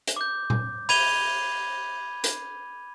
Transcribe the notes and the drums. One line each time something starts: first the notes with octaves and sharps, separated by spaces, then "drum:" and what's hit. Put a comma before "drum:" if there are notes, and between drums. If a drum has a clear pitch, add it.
drum: hi-hat
D6 G6
drum: tom A#2
B5 G#6 D#7 F7 G7, drum: open hi-hat
drum: hi-hat